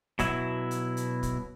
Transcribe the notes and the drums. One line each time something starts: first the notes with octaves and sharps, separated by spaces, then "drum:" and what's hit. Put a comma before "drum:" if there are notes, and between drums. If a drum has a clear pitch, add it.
B2 F#3 E4, drum: kick, hi-hat
drum: hi-hat
drum: hi-hat
drum: kick, hi-hat